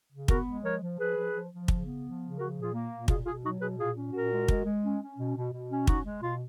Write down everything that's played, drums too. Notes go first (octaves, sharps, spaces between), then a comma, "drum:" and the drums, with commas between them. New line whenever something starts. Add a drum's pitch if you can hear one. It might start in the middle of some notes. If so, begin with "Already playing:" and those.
C#3
B3 F#4 A#4, drum: kick
G#3
F3 A#4 C#5
F3
F3 G#4 B4
F3
F3
F3
C#3, drum: kick
B3
F3
C#3
F3 F#4 A#4
A#2
F4 G#4
A#3
A#2
B2 F4 G#4, drum: kick
B2 F4 G#4
F#3 D#4 F#4
B2 G#4 B4
A#2 F4 G#4
C#4
A#2 F#4 A#4
G#3
G#3, drum: kick
G#3
C#4
C#4
B2
B2
B2
C#4
C#4 D#4 F#4, drum: kick
G#3
B2 F4